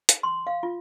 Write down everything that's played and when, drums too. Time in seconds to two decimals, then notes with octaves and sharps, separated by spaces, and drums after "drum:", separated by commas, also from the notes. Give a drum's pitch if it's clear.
0.09 drum: hi-hat
0.23 C6
0.47 F5
0.63 F4